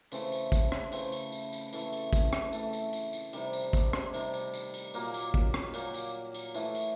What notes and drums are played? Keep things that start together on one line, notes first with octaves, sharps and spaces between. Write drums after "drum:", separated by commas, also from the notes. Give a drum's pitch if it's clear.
C#3 E3 A3 C4, drum: tambourine
drum: tambourine
drum: kick, tambourine
drum: rim click
C#3 E3 A3 C4, drum: tambourine
drum: tambourine
drum: tambourine
drum: tambourine
A2 E3 A3, drum: tambourine
drum: tambourine
drum: kick, tambourine
drum: rim click
A2 E3 A3, drum: tambourine
drum: tambourine
drum: tambourine
drum: tambourine
C3 D#3 G3, drum: tambourine
drum: tambourine
drum: kick, tambourine
drum: rim click
C3 D#3 G3, drum: tambourine
drum: tambourine
drum: tambourine
drum: tambourine
A#2 F#3 A#3, drum: tambourine
drum: tambourine
drum: kick
drum: rim click
A#2 F#3 A#3, drum: tambourine
drum: tambourine
drum: tambourine
A2 E3 A3, drum: tambourine
drum: tambourine